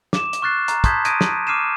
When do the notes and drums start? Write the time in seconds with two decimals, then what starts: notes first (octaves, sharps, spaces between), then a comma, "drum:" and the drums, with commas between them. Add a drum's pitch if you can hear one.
0.13 D6 E7, drum: snare
0.33 drum: hi-hat
0.42 C#6 F6 F#6 A6 C7
0.68 A#5, drum: hi-hat
0.84 A5 C6 D#6 G6 G#6 B6, drum: kick, hi-hat
1.05 D#6 G#6 A#6 D7 D#7, drum: hi-hat
1.21 drum: snare
1.47 D6 F6 C7 D#7 E7